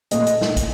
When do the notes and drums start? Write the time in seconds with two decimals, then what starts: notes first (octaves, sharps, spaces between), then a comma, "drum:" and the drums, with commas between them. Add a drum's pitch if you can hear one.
0.11 A#2 A3 D#5, drum: hi-hat
0.26 drum: hi-hat
0.42 drum: snare
0.57 drum: kick, hi-hat